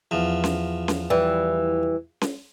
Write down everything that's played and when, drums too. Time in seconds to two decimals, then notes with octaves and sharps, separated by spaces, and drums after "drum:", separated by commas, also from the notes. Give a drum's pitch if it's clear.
0.11 E2 F3
0.44 drum: snare C#4
0.88 drum: snare C#4
1.10 E3 G3
2.21 drum: snare C#4